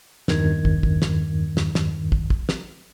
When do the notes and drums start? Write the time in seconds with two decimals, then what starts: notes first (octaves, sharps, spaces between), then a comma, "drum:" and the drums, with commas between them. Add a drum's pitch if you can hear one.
0.28 E2 G2 D#3 G#6, drum: snare
0.65 drum: kick
0.83 drum: kick
1.02 drum: snare
1.57 drum: snare
1.75 drum: snare
2.12 drum: kick
2.30 drum: kick
2.49 drum: snare